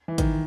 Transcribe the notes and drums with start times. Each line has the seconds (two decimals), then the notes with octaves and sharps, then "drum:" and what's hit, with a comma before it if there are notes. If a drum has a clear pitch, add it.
0.08 E3
0.18 D#3, drum: kick G#1, hi-hat